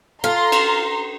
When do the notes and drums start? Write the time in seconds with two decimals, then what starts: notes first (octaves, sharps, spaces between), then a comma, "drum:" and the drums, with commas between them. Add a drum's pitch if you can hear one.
0.24 F4 A4 A#5 C6
0.52 drum: cymbal